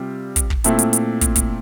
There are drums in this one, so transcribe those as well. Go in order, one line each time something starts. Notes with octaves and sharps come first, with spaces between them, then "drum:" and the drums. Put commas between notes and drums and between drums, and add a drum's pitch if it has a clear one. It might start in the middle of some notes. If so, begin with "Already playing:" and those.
Already playing: C3 G3 C4 F4
drum: kick, hi-hat
drum: kick
A#2 A3 C4 E4, drum: hi-hat
drum: hi-hat
drum: hi-hat
drum: kick, hi-hat
drum: kick, hi-hat